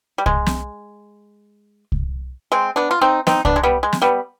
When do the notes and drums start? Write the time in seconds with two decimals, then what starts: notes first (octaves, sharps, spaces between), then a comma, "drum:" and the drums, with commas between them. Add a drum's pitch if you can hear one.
0.18 G3
0.26 G#3, drum: kick C2
0.46 drum: snare
1.92 drum: kick C2
2.52 G#3 C4
2.76 B3 D4
2.91 F4
3.01 C4 D#4
3.27 C4 D#4, drum: snare
3.45 B3 D4, drum: kick C2
3.56 G#3
3.63 G3 B3
3.83 G#3
3.93 drum: snare
4.02 G3 B3